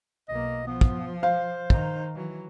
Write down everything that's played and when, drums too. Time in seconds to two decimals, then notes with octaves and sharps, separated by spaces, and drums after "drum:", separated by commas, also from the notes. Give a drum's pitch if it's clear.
0.29 B1 A#3 D#5
0.67 F3 B3
0.81 drum: kick
1.23 C5 F5
1.70 D#3 D#4, drum: kick
2.14 E3 F#3